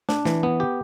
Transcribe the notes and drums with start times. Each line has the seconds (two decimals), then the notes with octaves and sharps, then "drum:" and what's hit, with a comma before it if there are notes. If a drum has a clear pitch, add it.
0.09 D4, drum: snare
0.25 E3, drum: snare
0.43 B3
0.60 G4